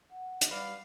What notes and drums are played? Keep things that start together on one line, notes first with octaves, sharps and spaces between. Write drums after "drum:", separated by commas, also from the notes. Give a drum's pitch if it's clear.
F#5
drum: hi-hat
G3 B4 D5 F5